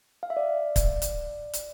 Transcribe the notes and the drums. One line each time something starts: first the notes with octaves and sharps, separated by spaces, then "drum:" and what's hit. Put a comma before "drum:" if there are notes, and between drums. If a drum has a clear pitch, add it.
F5
E5
D5
drum: kick, hi-hat
drum: hi-hat
drum: hi-hat